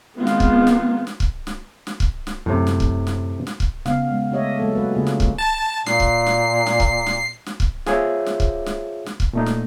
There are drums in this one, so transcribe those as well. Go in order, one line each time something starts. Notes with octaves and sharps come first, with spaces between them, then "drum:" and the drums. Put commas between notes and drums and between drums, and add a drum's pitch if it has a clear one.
D#3 G#3 B3 C4 F4
drum: snare
drum: kick
drum: snare
drum: snare
drum: kick
drum: snare
drum: snare
drum: kick
drum: snare
F#2 A2 C3
drum: snare
drum: kick
drum: snare
drum: snare
drum: kick
C#3 B3 F5, drum: snare
G#3
A3 D4 G4 C#5 D#5 E5
F#3 G#3 A#3 A4 D#5
F#3 G#3 F#4 B4
C#3 A#3 F4 G#4
drum: snare
drum: kick
A5
A#2 C7, drum: snare
drum: kick
drum: snare
drum: snare
drum: kick
drum: snare
drum: snare
drum: kick
F4 G#4 C5 C#5 E5, drum: snare
drum: snare
drum: kick
drum: snare
drum: snare
drum: kick
A#2 A3 D#4
drum: snare